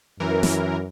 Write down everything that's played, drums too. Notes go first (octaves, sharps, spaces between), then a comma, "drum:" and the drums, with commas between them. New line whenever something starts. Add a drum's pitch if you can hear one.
F#2 E3 A#4
drum: snare